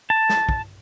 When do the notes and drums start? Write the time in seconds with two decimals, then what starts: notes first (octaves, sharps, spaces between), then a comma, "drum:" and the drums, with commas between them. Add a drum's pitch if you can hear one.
0.10 A5
0.29 drum: snare
0.49 drum: kick